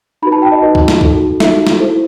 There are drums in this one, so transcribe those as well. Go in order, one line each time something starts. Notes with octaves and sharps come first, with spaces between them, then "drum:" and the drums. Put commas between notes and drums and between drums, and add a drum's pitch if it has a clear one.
D#4 F#4 B4 B5
A5
G5
D#5
D#4 F#4 B4
drum: kick
drum: snare
D#4 F#4 A4, drum: kick
D#4 F#4 A4 E5, drum: snare
drum: snare
E4 A4 C5